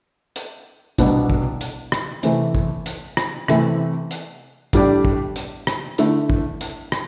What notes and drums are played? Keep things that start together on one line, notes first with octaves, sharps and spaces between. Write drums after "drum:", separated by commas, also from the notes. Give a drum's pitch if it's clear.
drum: hi-hat
C2 B2 B3 D4, drum: kick, hi-hat
drum: kick
drum: hi-hat
drum: rim click
C3 E3 A3, drum: hi-hat
drum: kick
drum: hi-hat
drum: rim click
C3 E3 A3 C4, drum: rim click
drum: hi-hat
A2 G3 D4 G4 D5, drum: kick, hi-hat
drum: kick
drum: hi-hat
drum: rim click
D3 A3 E4, drum: hi-hat
drum: kick
drum: hi-hat
drum: rim click